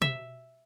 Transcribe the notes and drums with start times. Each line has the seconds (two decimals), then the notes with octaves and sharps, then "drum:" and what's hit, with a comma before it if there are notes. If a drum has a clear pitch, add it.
0.02 E5, drum: tom B2